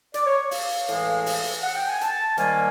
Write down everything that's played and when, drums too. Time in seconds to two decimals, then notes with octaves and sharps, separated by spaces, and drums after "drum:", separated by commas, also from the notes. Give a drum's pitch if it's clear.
0.14 D5, drum: hi-hat
0.26 C#5
0.51 F5, drum: open hi-hat
0.88 A2 E3 G#3, drum: hi-hat
1.26 drum: open hi-hat
1.63 F#5
1.76 G5
1.88 G#5
2.01 A5, drum: hi-hat
2.37 G#2 D#3 G3 A#3 G#5, drum: hi-hat